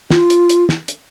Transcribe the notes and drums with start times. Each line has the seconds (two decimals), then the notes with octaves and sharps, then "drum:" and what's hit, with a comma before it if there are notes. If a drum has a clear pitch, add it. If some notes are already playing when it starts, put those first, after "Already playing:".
0.10 F4, drum: snare
0.30 drum: hi-hat
0.49 drum: hi-hat
0.69 drum: snare
0.88 drum: hi-hat